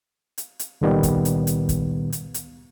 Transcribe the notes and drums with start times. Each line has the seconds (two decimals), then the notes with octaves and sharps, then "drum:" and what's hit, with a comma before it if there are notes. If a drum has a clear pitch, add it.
0.38 drum: hi-hat
0.59 drum: hi-hat
0.81 C#2 A#2 D#3 G3 B3
1.03 drum: kick, hi-hat
1.25 drum: hi-hat
1.47 drum: hi-hat
1.69 drum: kick, hi-hat
2.13 drum: hi-hat
2.34 drum: hi-hat